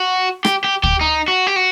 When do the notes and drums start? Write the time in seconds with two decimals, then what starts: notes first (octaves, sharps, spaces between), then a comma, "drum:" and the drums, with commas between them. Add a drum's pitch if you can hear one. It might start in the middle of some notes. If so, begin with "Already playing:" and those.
Already playing: F#4
0.45 G4, drum: rim click
0.64 G4
0.84 G4, drum: kick
1.01 D#4
1.28 F#4
1.47 G4
1.56 F#4